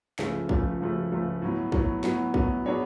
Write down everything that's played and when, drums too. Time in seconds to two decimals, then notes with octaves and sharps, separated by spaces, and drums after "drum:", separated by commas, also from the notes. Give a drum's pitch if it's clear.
0.19 C#2 C#3 F3 A3, drum: snare
0.49 C#2 C#3 F3 A3, drum: kick
0.80 C#2 C#3 F3 A3
1.11 C#2 C#3 F3 A3
1.42 A2 F#3 B3
1.72 A2 F#3 B3, drum: kick
2.04 A2 F#3 B3, drum: snare
2.34 A2 F#3 B3, drum: kick
2.66 F#3 B3 D4 G#4 C#5